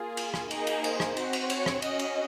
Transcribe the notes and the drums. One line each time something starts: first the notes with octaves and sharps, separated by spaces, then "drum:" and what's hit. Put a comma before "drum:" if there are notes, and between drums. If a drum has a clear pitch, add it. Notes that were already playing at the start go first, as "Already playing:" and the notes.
Already playing: A#3 F4 G#4
drum: cymbal
drum: rim click
A#3 D#4 G#4, drum: cymbal
drum: cymbal
C5, drum: cymbal
drum: rim click
C4 F#4, drum: cymbal
drum: cymbal
C#5, drum: cymbal
drum: rim click
C#4 F#4 D#5, drum: cymbal
drum: cymbal